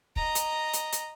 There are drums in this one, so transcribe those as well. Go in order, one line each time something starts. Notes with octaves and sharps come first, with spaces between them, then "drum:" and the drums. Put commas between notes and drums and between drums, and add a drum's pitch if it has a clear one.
D#5 A#5, drum: kick
drum: hi-hat
drum: hi-hat
drum: hi-hat